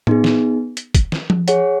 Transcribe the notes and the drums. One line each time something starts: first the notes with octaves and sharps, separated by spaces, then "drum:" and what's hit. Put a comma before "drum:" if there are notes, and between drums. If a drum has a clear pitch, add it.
B3 D#4 G#4, drum: tom A2
drum: snare
drum: hi-hat
drum: kick, hi-hat
drum: snare
drum: tom F3
G#4 C#5 F#5, drum: hi-hat